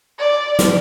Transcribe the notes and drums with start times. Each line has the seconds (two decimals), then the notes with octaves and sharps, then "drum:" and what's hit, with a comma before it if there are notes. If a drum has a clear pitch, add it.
0.19 D5
0.59 drum: snare